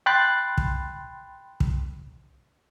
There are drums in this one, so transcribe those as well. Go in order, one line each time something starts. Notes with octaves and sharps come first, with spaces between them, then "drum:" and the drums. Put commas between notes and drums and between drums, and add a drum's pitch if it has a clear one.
G5 B5 C6 F#6 A6
drum: kick
drum: kick